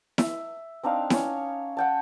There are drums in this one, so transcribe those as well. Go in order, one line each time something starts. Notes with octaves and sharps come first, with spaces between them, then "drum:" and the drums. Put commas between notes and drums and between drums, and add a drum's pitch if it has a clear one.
E5, drum: snare E4
C4 D4 D#4 F5
C#4 C#5, drum: snare E4
F#5 G5 A5